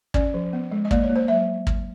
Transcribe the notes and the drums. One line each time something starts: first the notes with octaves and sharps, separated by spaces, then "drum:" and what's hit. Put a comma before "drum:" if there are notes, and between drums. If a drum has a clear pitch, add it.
C#4 D5, drum: kick
F3
B3
G#3
D#5
A#3 D5, drum: kick
C#5
A#3
C5
F#3 E5
drum: kick